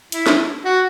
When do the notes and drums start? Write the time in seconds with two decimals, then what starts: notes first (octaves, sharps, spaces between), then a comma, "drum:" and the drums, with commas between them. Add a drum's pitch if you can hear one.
0.12 E4, drum: hi-hat
0.26 drum: snare
0.65 F#4